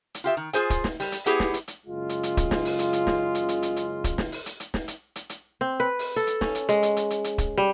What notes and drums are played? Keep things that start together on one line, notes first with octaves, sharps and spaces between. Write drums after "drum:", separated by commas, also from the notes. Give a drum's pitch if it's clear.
drum: hi-hat
F4 G4 E5
D#3
F4 G#4 C5 G#5, drum: hi-hat
drum: kick, hi-hat
drum: snare
G3, drum: open hi-hat
drum: hi-hat
B3 E4 G4 G#4 C#5, drum: hi-hat
drum: snare
drum: hi-hat
drum: hi-hat
F#1 C#3 G#3 F4
drum: hi-hat
drum: hi-hat
drum: kick, hi-hat
drum: snare
drum: open hi-hat
drum: hi-hat
drum: hi-hat
drum: snare
drum: hi-hat
drum: hi-hat
drum: hi-hat
drum: hi-hat
drum: kick, hi-hat
drum: snare
drum: open hi-hat
drum: hi-hat
drum: hi-hat
drum: snare
drum: hi-hat
drum: hi-hat
drum: hi-hat
C4
B4
drum: open hi-hat
A4
drum: hi-hat
C#4, drum: snare
drum: hi-hat
G#3, drum: hi-hat
drum: hi-hat
drum: hi-hat
drum: hi-hat
drum: hi-hat
drum: kick, hi-hat
G3